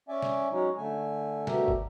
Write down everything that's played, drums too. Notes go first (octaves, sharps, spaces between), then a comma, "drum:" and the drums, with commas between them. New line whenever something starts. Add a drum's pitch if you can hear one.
C#4 D5 E5 G#5
drum: snare
F#3 G#3 C#4 D#4
D3 A3 G#5
B2 D3 A3 G4 A#4 E5, drum: snare
drum: kick